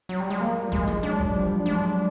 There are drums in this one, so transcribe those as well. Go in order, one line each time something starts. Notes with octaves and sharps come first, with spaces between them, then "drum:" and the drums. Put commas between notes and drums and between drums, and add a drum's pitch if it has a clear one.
F#3
G3
G#3
F3 G3 A#3
G#3, drum: kick
drum: rim click
F#3 G#3 D4
drum: kick
F3 G3
F#3 G#3 D4